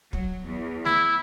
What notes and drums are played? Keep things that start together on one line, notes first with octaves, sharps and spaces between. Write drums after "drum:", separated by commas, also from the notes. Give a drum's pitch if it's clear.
F#3, drum: kick
E2
E4, drum: snare A3